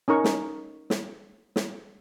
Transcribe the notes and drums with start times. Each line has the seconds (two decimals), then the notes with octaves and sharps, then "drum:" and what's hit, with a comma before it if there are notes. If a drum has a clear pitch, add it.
0.08 C#4 D#4 A#4 C#6
0.24 drum: snare
0.90 drum: snare
1.56 drum: snare